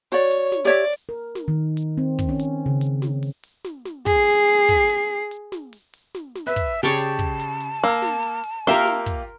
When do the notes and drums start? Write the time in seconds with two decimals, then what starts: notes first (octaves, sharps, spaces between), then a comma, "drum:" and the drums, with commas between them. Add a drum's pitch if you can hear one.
0.12 F#4 C#5 D5
0.31 drum: hi-hat
0.52 drum: snare
0.65 G4 C#5 D5 E5
0.94 drum: open hi-hat
1.09 A#4
1.35 drum: snare
1.48 D#3
1.77 drum: hi-hat
1.97 C4
2.19 drum: kick, hi-hat
2.29 C#4
2.39 drum: hi-hat
2.66 C#3
2.81 drum: hi-hat
3.02 drum: snare
3.23 drum: open hi-hat
3.44 drum: open hi-hat
3.65 drum: snare
3.85 drum: snare
4.06 G#4 C7, drum: kick, hi-hat
4.27 drum: hi-hat
4.48 drum: hi-hat
4.69 drum: kick, hi-hat
4.90 drum: hi-hat
5.31 drum: hi-hat
5.52 drum: snare
5.73 drum: open hi-hat
5.94 drum: open hi-hat
6.15 drum: snare
6.35 drum: snare
6.47 B4 E5
6.56 drum: kick, hi-hat
6.83 C#3 G4 G#4 C#5 D5 A5
6.98 drum: hi-hat
7.19 drum: kick
7.40 drum: hi-hat
7.60 drum: hi-hat
7.84 A#3 E6 F6, drum: hi-hat
8.02 drum: snare
8.23 drum: open hi-hat
8.44 drum: open hi-hat
8.67 A#3 F4 G4 A#4 E5 C6, drum: snare
8.85 drum: snare
9.06 drum: kick, hi-hat